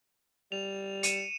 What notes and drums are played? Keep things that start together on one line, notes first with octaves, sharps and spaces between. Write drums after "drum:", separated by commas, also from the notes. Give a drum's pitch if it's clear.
G3 F7
C#7 D#7 E7, drum: hi-hat